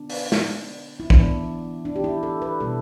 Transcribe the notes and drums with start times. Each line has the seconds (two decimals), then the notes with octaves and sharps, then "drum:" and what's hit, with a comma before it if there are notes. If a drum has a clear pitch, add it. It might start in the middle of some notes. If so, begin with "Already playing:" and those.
Already playing: D3 B3 D4
0.10 drum: open hi-hat
0.32 drum: snare
1.00 E4
1.10 E3 B3 D4, drum: kick
1.85 D4
1.96 G4
2.04 E4
2.23 A4
2.42 B4
2.60 B2 G3 B3 A4